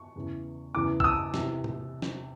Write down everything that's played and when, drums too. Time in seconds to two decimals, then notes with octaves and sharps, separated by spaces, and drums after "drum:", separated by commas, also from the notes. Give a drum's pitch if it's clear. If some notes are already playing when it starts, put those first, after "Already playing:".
Already playing: C#6
0.16 E2 C#3 E3
0.75 E2 C#3 E3 D6
1.00 E6, drum: kick B1
1.04 D#6
1.34 C3 E3, drum: snare
1.64 drum: tom G#2
2.02 drum: snare